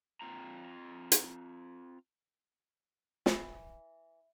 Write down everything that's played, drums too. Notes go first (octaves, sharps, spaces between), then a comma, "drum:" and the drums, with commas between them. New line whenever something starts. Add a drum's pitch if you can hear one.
C4 F4 A#5
drum: hi-hat
E3, drum: snare